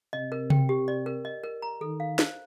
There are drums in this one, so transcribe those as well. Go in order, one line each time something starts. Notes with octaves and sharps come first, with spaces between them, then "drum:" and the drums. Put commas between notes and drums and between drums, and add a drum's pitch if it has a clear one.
C3 D#5
A#4
G5, drum: tom C3
G4
D5
A#4
D#5
A#4
A#5
D#3 A4
F5
C5, drum: snare